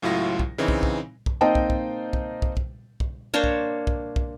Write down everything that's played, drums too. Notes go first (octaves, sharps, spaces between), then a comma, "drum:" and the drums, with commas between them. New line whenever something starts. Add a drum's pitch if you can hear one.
C#2 A2 F#3 E4 F4 A#6
drum: kick
C#3 E3 C4 D#4
drum: kick
drum: kick
drum: kick
A#3 C4 D#4 D#5 G5 A5
drum: kick
drum: kick
drum: kick
drum: kick
drum: kick
drum: kick
A#3 D4 C5 C#5
drum: kick
drum: kick
drum: kick